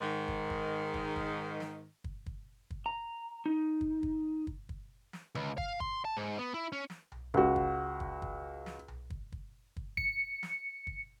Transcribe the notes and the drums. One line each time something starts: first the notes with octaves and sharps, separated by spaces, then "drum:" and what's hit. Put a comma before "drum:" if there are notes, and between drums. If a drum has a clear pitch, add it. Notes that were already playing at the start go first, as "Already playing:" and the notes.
G#2 D#3
drum: kick
drum: kick
drum: kick
drum: kick
drum: snare
drum: kick
drum: kick
drum: kick
A#5
D#4
drum: kick
drum: kick
drum: kick
drum: kick
drum: snare
C#2, drum: tom D3
F5, drum: kick
C6, drum: kick
A5
G#2
B3
E4
C#4
drum: snare
drum: tom B1
C#2 F#4, drum: kick
drum: kick
drum: kick
drum: kick
drum: snare
drum: tom B1
drum: kick
drum: kick
drum: kick
C#7, drum: kick
drum: snare
drum: kick